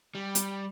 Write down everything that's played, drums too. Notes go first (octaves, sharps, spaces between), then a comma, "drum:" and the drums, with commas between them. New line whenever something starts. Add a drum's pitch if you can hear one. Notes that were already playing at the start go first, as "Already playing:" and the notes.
G3
drum: hi-hat